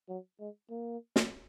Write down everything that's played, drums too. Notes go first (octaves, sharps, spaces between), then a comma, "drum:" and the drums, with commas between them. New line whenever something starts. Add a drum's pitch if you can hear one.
F#3
G#3
A#3
drum: snare